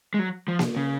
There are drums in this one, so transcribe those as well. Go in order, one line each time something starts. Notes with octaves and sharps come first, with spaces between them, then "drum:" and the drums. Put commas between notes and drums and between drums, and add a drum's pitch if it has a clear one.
G#3
F#3
F3
drum: snare A#3
C#3